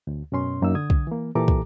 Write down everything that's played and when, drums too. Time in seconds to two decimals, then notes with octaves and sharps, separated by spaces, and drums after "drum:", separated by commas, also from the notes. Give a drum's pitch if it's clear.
0.07 D2
0.32 F#2 B2 C#4 C6
0.62 F#2 A#3 D#4 E6
0.75 D3 D#6 G#6
0.90 drum: kick
1.07 E3 A#3
1.35 A#2 E3 G4 A4 A#5 D6
1.48 drum: kick